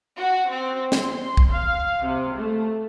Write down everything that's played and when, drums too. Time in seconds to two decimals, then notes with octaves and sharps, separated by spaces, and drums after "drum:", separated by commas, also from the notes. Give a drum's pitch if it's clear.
0.17 F#4
0.49 C4
0.92 C6, drum: snare
1.37 drum: kick
1.50 F5
2.03 C3
2.35 A3